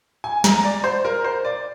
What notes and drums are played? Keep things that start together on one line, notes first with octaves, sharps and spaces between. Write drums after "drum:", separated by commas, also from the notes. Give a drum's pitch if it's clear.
G#5
A#5, drum: snare
D5
C5
A#4
C5
D5